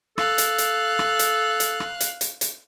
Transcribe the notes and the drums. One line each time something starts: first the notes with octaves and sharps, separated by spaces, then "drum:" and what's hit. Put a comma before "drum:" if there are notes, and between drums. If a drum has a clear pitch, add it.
A4 F5 F#6, drum: rim click
drum: hi-hat
drum: hi-hat
drum: rim click
drum: hi-hat
drum: hi-hat
drum: rim click
drum: hi-hat
drum: hi-hat
drum: hi-hat